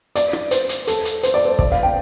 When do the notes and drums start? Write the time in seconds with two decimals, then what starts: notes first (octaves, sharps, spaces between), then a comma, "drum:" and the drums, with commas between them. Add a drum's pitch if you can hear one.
0.15 D5, drum: hi-hat
0.33 drum: rim click
0.51 C5, drum: hi-hat
0.69 drum: hi-hat
0.87 A4, drum: hi-hat
1.05 drum: hi-hat
1.23 C5, drum: hi-hat
1.34 D5
1.45 C5
1.59 D5, drum: kick
1.72 F5
1.83 G5